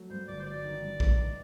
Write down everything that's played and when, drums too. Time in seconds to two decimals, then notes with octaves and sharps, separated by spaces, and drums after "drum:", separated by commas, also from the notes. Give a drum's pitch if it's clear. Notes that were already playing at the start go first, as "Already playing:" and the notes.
Already playing: F#3 A3
0.10 G2 C5
0.28 G1 D5
0.40 C5
0.46 F#3 D5
0.64 D#3
0.81 G2
1.00 A1, drum: kick A#1
1.18 D#4